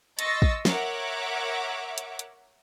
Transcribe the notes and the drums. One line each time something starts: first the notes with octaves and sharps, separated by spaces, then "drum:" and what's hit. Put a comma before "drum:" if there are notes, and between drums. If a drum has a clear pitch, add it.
D#5 C6 C#6 E6 A6 A#6, drum: hi-hat
drum: kick
A#4 C#5 E5 F#5 D6, drum: snare
drum: hi-hat
drum: hi-hat